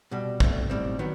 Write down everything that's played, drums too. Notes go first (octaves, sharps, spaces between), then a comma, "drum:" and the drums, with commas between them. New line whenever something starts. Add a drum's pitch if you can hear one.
C2 B2 G3
C2 B2 A3 C4, drum: kick
B1 A2 G3 C4
D#3 F#3 B3